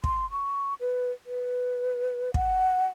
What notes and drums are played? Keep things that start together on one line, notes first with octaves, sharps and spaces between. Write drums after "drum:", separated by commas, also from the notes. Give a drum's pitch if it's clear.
C6, drum: kick
C#6
B4
B4
F#5, drum: kick